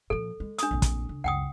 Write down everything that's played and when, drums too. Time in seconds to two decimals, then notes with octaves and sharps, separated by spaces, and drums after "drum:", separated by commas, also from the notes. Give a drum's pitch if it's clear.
0.10 A#2 F3 A4
0.40 G#3
0.59 D4 D#6, drum: hi-hat
0.71 A#1 F2
0.82 drum: kick, hi-hat
1.09 C#2
1.24 C#2 F#2 F#5 G5 D#6